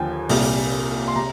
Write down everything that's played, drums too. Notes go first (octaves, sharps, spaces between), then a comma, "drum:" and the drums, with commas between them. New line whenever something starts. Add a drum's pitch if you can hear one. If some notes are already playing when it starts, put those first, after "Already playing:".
Already playing: D#2 D3 F3 G5 G#5
C2 A#2 G3, drum: open hi-hat
C6
C3 A#5